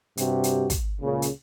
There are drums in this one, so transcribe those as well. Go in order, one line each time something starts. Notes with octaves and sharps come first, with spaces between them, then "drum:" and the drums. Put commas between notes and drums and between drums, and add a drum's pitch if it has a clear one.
G2 C3 F#4 G4, drum: hi-hat
drum: hi-hat
drum: kick, hi-hat
C#2 A#2 C#3
drum: hi-hat